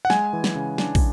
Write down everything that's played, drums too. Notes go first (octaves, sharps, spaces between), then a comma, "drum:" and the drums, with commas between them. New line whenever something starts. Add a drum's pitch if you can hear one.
F#5
G#3 G#5, drum: snare
E3
drum: snare
C#3
D4, drum: snare
drum: kick, open hi-hat